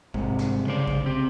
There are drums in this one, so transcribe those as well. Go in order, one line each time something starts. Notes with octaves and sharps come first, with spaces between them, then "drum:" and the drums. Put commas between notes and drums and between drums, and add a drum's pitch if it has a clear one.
C2 G#2 C3, drum: kick A1
drum: snare
C#3 C5 D5
drum: kick A1
C4 G4